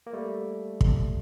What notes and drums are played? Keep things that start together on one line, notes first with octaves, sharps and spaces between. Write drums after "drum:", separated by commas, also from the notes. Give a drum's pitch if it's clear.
A#3
G3 A3
drum: kick